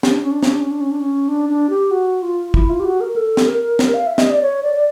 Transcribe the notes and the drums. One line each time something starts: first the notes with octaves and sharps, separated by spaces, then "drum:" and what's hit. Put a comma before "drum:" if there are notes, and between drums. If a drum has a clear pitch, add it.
C#4, drum: snare
D4
C#4
D4
C#4, drum: snare
D4
C#4
D4
C#4
D4
C#4
D4
D4
G4
F#4
F4
E4, drum: kick
F4
G4
F#4
A#4
A4
drum: snare
A#4
drum: snare
F5
E5
D#5, drum: snare
D5
C#5
D5
D5